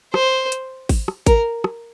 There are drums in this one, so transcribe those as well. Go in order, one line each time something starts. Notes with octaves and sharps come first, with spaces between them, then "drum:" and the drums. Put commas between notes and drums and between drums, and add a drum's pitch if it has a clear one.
C5, drum: rim click
drum: hi-hat
drum: kick G#1, open hi-hat
drum: rim click
A#4, drum: kick G#1, hi-hat
drum: rim click